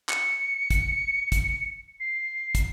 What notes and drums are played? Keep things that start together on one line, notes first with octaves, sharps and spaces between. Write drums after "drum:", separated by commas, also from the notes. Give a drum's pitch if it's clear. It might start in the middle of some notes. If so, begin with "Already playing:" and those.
C#7, drum: clap
drum: kick, hi-hat
drum: kick, hi-hat
C7
drum: kick, hi-hat